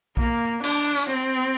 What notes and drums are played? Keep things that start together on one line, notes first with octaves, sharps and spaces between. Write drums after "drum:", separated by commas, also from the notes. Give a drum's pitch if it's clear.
A#3, drum: kick
D4, drum: cymbal
drum: tambourine
C4